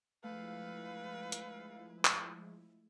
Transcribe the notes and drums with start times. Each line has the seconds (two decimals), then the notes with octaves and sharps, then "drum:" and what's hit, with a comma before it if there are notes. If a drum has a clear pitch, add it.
0.24 D2 F3 G#3 A3 E4 A4 B4 F5
1.32 drum: hi-hat
2.05 drum: clap